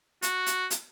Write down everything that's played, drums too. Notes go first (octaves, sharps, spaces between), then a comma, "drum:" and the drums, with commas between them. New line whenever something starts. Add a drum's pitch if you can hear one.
F#4, drum: hi-hat
drum: hi-hat
drum: hi-hat